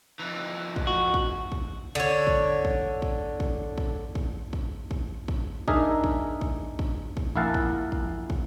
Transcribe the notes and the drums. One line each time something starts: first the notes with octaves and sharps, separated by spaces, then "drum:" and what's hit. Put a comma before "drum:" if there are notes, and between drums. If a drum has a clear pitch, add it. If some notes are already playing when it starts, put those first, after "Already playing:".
F2 E3
drum: kick
F#4
drum: kick
drum: kick
D3 C#5
drum: kick
drum: kick
drum: kick
drum: kick
drum: kick
drum: kick
drum: kick
drum: kick
drum: kick
D4 D#4 G#4 A#4 E5, drum: kick
drum: kick
drum: kick
drum: kick
drum: kick
A#1 E4 A#4 F5 F#5 A5
drum: kick
drum: kick
drum: kick